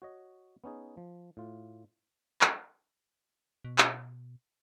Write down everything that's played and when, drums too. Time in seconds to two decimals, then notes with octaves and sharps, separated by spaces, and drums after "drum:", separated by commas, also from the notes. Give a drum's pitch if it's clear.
0.02 F#4 C#5 D#5
0.64 B3 C#4 D#4 G#4
0.97 F3
1.37 A2 F4
2.41 drum: clap
3.65 B2
3.78 drum: clap